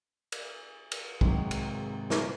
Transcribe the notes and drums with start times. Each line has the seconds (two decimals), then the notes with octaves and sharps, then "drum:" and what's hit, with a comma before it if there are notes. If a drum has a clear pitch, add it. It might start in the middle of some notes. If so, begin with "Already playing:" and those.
0.32 drum: cymbal
0.92 drum: cymbal
1.21 G#2 C3 D#3 F#3 G#3, drum: kick B1
1.51 drum: cymbal
2.10 drum: snare